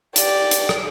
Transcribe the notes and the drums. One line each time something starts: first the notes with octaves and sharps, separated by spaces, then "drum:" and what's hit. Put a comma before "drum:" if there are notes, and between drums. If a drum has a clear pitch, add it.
G4 D5, drum: hi-hat
drum: hi-hat
drum: rim click